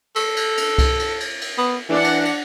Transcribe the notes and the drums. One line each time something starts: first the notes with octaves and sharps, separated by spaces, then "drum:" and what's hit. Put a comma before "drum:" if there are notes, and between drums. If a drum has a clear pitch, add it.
A4, drum: cymbal
drum: cymbal
drum: cymbal
drum: kick C2, cymbal
drum: cymbal
drum: cymbal
drum: cymbal
B3
E3 D4 F#5
drum: cymbal
drum: cymbal